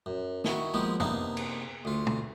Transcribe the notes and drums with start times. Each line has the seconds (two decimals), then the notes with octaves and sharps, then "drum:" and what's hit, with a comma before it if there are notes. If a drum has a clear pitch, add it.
0.06 F#2
0.44 D#3 E4 F#4, drum: snare
0.74 F3 G#3 A#3 B3 G4
1.00 C3 A#3 B3 D4 D#4, drum: tom F2
1.37 drum: cymbal
1.85 D2 F4
2.07 drum: tom